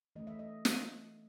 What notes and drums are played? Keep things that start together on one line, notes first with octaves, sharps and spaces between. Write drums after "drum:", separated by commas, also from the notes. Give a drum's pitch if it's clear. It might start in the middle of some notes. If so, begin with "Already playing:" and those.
E3 A3 C#4 D#5
E5
D#5
drum: snare